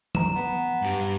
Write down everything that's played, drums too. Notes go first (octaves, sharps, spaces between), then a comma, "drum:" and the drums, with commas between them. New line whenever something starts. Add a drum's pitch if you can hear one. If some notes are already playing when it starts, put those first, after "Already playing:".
A#5 E7, drum: tom E3
B3
G2 G4